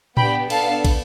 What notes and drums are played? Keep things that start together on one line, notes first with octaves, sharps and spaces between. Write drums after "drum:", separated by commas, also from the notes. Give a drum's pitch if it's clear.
B3 D4 G4 G5 B5, drum: tom A2
B3 D4 A4 F5 A5, drum: cymbal
drum: kick, cymbal